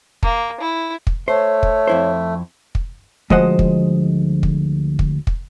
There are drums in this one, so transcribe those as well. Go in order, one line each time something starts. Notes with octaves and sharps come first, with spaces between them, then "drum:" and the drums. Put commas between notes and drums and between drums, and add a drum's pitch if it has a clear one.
A#3, drum: kick
E4
drum: kick
A3 C5 C#5
drum: kick
F2 E4 C5
drum: kick
D2 F3 G#3 C5 D#5 F#5, drum: kick
drum: kick
drum: kick
drum: kick
drum: kick